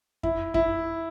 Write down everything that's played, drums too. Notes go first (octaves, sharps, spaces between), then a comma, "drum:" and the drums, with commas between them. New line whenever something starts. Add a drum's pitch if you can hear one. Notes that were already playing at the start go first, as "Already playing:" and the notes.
E4, drum: kick F2
E4, drum: kick F2